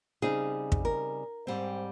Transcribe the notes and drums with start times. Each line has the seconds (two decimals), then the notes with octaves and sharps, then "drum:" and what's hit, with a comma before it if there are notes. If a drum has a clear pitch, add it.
0.22 C#3 G3 C4 D#4 G#4
0.72 drum: kick
0.85 A#4
1.47 G#2 G3 C4